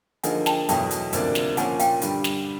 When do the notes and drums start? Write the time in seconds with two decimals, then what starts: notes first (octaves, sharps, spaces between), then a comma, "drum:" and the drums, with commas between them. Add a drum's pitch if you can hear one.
0.23 D3 F3 A#3 D#4 G#4 F#5 G#5, drum: hi-hat
0.46 G5 A5, drum: snare
0.69 E2 B2 F#3 A3 G5 A5, drum: hi-hat
0.91 drum: hi-hat
1.13 D2 C3 F3 A#3 D4, drum: hi-hat
1.35 drum: snare
1.57 A#2 F3 A#3 C#4 F#5 G#5, drum: hi-hat
1.79 F5 G5, drum: hi-hat
2.02 G2 D3 G3, drum: hi-hat
2.24 drum: snare